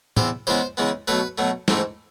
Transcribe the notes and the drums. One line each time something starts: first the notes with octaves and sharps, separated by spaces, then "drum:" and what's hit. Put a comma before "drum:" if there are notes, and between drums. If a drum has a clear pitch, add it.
E2 C3 E3 C5, drum: tom
C#3 E3 G#3 B3 C5
C#3 E3 G#3 B3
B2 F#3 A3 B4
B2 F#3 A3
G#2 E3 A3 C4, drum: snare